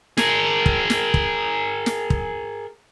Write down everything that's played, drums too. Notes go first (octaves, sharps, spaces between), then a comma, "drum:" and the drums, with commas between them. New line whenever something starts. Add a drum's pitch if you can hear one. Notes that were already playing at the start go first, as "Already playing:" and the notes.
G#4 A#4, drum: snare
drum: kick
drum: snare
drum: kick
drum: snare
drum: kick